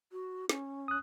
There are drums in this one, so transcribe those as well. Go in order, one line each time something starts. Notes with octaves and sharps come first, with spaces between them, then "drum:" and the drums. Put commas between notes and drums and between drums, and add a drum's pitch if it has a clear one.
F#4
C#4, drum: snare
D#6 F#6